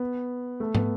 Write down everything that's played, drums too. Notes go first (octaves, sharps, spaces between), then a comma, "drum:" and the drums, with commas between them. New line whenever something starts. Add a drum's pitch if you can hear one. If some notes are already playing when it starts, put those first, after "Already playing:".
Already playing: B3
A3
B3, drum: tom